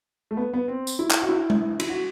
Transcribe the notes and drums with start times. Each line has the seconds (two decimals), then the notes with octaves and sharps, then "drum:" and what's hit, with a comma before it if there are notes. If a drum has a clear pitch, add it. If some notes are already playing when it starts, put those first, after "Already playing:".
0.31 A3
0.37 B3
0.53 B3
0.68 C4
0.87 drum: tambourine
0.99 E4
1.11 drum: clap
1.22 F#4
1.29 E4
1.50 drum: tom G#3
1.80 E4, drum: cymbal
1.90 F#4